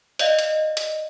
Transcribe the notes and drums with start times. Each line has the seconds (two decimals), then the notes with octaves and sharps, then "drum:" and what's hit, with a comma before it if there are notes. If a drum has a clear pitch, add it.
0.19 D5 D#5 F5, drum: hi-hat
0.39 drum: hi-hat
0.77 drum: hi-hat